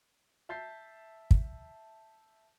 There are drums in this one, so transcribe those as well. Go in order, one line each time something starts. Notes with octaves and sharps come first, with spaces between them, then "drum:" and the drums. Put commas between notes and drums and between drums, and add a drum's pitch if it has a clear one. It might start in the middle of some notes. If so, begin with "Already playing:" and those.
E5 A5 G6 A6 B6 C7
drum: kick